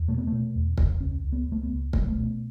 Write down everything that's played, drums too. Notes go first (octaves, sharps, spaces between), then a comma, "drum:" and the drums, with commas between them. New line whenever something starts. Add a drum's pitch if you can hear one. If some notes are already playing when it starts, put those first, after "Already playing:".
Already playing: E2
B2 A3
B3
B2 A3
E2
E2, drum: kick
C#2 C#4
C#2
B3
C#2 A3
B3
C#2
C#2 A3, drum: kick
G3
A3
B2